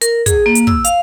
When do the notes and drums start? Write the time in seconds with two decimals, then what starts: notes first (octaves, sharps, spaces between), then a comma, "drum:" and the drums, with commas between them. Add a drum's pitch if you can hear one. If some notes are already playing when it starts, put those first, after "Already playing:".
0.01 A#4, drum: hi-hat
0.26 G#4, drum: kick, hi-hat
0.46 A#3
0.55 drum: hi-hat
0.67 E6, drum: kick
0.85 F5, drum: hi-hat